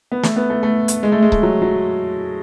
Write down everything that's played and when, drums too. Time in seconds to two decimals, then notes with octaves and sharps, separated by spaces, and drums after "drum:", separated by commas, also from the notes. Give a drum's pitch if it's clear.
0.12 B3
0.23 A3, drum: snare
0.36 B3
0.50 A3
0.63 A3
0.88 drum: hi-hat
1.03 G#3
1.12 A3
1.22 G#3
1.32 A3, drum: kick C#1
1.43 F#3
1.62 F#3